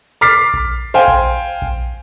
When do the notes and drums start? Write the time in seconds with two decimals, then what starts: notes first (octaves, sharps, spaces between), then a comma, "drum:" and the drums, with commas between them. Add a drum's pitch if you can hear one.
0.21 D6 F6 A6 B6 C7
0.54 drum: kick A#1
0.94 C5 F5 G5 G#5
1.08 drum: kick A#1
1.62 drum: kick A#1